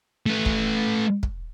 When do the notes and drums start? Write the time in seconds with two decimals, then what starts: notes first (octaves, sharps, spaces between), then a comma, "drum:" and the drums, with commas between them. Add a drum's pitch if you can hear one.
0.26 A3 B4
0.46 drum: kick
1.23 drum: kick